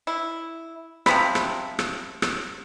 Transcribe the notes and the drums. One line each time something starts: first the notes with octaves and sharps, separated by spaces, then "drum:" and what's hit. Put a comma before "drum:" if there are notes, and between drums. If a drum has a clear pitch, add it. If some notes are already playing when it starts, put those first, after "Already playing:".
E4
C3 F3 B5, drum: rim click
drum: rim click
drum: rim click
drum: rim click